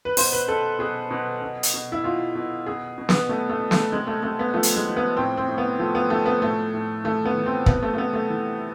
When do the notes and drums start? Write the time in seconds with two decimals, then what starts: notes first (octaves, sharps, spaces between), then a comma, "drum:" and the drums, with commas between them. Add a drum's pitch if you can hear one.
0.05 B4
0.17 B2 C5, drum: open hi-hat
0.32 B4
0.48 B2 A4
0.79 B2 G#4
1.11 B2
1.42 B2
1.63 drum: hi-hat
1.74 B2
1.92 E4
2.04 B2 F4
2.35 B2
2.66 B2 G#4
2.98 B2
3.09 B3, drum: snare
3.29 B2 A3
3.50 A3
3.60 B2
3.71 A3, drum: snare
3.92 C3 G#3
4.07 A3
4.23 C3 A3
4.39 B3
4.54 F3 A3
4.63 drum: hi-hat
4.75 G#3
4.86 F3
4.97 B3
5.17 A2 C4
5.37 C4
5.48 A2
5.58 B3
5.79 F3 A3
5.95 B3
6.10 F3 A3
6.26 B3
6.42 A2 A3
6.74 A2
7.04 E3 A3
7.25 B3
7.36 E3
7.46 C4
7.66 C3 B3, drum: kick
7.83 A3
7.94 A3
7.98 C3 B3
8.13 A3
8.29 E3